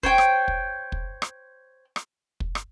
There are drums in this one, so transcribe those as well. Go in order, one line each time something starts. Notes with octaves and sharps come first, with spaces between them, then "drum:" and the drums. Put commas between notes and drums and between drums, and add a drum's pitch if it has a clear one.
C5 C#5 G5, drum: kick
drum: rim click
drum: kick
drum: kick
drum: rim click
drum: rim click
drum: kick
drum: rim click